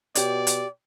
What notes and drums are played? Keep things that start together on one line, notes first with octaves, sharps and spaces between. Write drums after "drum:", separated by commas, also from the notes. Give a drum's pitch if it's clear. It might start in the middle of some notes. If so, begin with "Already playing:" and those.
B2 G4 C#5 D5, drum: hi-hat
drum: hi-hat